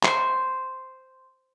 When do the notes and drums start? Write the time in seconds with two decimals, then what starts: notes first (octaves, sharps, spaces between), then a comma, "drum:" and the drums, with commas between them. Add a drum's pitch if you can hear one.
0.04 C5 C6 C#6, drum: clap